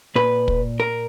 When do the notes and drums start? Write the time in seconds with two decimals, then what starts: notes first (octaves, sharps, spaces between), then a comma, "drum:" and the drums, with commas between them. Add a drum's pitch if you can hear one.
0.16 A#2 B4
0.48 drum: kick
0.80 A#4